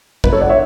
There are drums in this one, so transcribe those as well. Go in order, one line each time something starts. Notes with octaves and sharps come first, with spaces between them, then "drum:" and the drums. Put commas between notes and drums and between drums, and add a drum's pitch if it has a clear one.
G1 B4, drum: kick
A4 C#5
D3 D5 F#5
C#5 E5